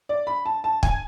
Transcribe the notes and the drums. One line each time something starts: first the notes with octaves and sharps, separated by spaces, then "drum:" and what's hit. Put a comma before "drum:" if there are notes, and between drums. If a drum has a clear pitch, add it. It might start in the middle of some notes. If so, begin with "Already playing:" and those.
D5
B5
A5
A5
G#5, drum: kick